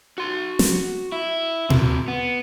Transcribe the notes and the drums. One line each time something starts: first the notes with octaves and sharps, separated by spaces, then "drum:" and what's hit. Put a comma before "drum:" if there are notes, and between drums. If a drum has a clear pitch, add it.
F#4 C6
drum: snare
E4
C4 F#4, drum: tom A#2
B3